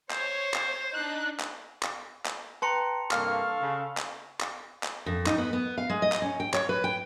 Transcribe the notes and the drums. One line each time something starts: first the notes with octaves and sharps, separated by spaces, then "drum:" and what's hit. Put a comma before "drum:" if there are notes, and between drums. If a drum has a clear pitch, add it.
C5 C#5, drum: clap
drum: clap
D4 D#4 F#6
drum: clap
drum: clap
drum: clap
B4 G5 A5 A#5 C6 C#7
G2 C3 A#3 A4 F5 C#6 F6, drum: clap
C#3
drum: clap
drum: clap
drum: clap
F2
D#4, drum: clap
B3
B3
F5
G#3
D#5
drum: clap
C#4
G5
C#5, drum: clap
B4
G5